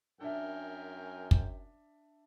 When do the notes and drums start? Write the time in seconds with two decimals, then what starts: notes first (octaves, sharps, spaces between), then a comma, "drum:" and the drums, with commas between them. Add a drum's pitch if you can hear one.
0.21 F#2 D4 A#4 E5 G5 G#5
1.31 drum: kick